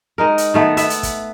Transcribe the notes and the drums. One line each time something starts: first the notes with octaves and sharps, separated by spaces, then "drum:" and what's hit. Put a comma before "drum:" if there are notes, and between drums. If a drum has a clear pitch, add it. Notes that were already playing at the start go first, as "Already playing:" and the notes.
G#3 D#4 A#4
drum: hi-hat
D#3 A3 B3
B3 E5, drum: hi-hat
drum: hi-hat
drum: kick, hi-hat